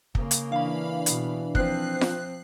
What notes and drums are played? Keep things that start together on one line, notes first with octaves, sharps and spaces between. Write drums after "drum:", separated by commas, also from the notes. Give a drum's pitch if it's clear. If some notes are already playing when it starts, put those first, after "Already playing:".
C#3 A#3, drum: kick
drum: hi-hat
E3 D4 F5 B5
B2, drum: hi-hat
F3 C4 F#6 C7, drum: kick
drum: snare F4